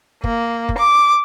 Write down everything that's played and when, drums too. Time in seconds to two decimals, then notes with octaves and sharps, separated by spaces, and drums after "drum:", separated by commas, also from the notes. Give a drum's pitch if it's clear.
0.24 A#3, drum: kick
0.69 drum: kick
0.78 D6